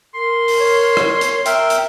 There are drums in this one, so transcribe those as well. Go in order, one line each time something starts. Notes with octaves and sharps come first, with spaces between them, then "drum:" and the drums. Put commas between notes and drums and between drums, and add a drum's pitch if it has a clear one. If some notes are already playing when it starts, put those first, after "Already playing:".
A#4 C6
drum: open hi-hat
C#5
drum: rim click
drum: hi-hat
A#4 E5 G5, drum: hi-hat
drum: hi-hat